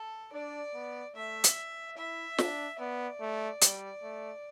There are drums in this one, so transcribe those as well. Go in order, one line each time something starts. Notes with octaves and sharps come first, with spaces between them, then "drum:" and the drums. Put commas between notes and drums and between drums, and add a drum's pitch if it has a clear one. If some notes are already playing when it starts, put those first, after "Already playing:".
Already playing: A4
D4 D5
B3
A3 E5
drum: hi-hat
E4 E5
D4, drum: snare
B3 D5
A3
G3, drum: hi-hat
A3